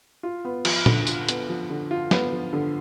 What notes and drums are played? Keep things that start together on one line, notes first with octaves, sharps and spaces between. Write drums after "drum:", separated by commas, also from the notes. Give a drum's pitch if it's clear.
F4
B3
F3, drum: cymbal
D3, drum: tom
F4, drum: tambourine
B3, drum: hi-hat
F3
D3
F4
B3, drum: snare
F3
D3